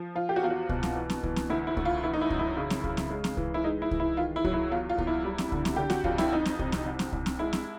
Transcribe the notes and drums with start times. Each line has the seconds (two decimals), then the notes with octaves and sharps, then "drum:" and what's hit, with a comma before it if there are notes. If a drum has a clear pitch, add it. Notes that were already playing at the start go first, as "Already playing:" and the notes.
Already playing: F3
0.15 F3 F4
0.29 G4
0.36 F#4
0.43 E2 F4
0.50 F#4
0.69 B2, drum: kick C2
0.83 drum: snare C4
0.96 E3
1.10 drum: snare C4
1.23 E3, drum: kick C2
1.36 drum: snare C4
1.50 D2 E4
1.67 E4
1.77 D2, drum: kick C2
1.85 F4
2.03 E3 E4
2.14 D#4
2.21 E4
2.30 F#2, drum: kick C2
2.39 E4
2.57 C#3
2.70 drum: snare C4
2.84 C#3, drum: kick C2
2.97 drum: snare C4
3.11 G#3
3.24 drum: snare C4
3.37 E3, drum: kick C2
3.54 E4
3.64 G#3 D#4
3.82 E4
3.91 E3, drum: kick C2
4.00 E4
4.17 D#3 F4
4.36 E4
4.44 F#3, drum: kick C2
4.54 E4
4.71 E2 F4
4.89 F4
4.98 E2, drum: kick C2
5.07 E4
5.25 G3
5.38 drum: snare C4
5.52 D3, drum: kick C2
5.65 drum: snare C4
5.76 D3 G4
5.90 F#4, drum: snare C4
6.04 F2 F4, drum: kick C2
6.18 E4, drum: snare C4
6.32 F2 D#4
6.45 drum: snare C4
6.59 C3, drum: kick C2
6.72 drum: snare C4
6.86 C2
6.99 drum: snare C4
7.12 C2, drum: kick C2
7.26 drum: snare C4
7.39 G#3 E4
7.53 drum: snare C4